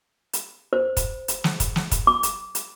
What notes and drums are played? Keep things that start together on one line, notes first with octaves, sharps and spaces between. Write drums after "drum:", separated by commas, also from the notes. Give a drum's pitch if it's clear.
drum: hi-hat
C5
drum: kick, hi-hat
drum: hi-hat
drum: snare
drum: kick, hi-hat
drum: snare
drum: kick, hi-hat
D6
drum: hi-hat
drum: hi-hat